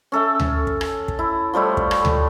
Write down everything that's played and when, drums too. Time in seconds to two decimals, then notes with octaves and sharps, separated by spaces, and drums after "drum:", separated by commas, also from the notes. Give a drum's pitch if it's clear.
0.12 C#4 A4 E5
0.40 drum: tom D2
0.67 drum: kick
0.81 drum: rim click
1.08 drum: kick
1.19 E4
1.54 F3 G3 A3 E4
1.77 drum: kick
1.91 drum: rim click
2.05 drum: tom D2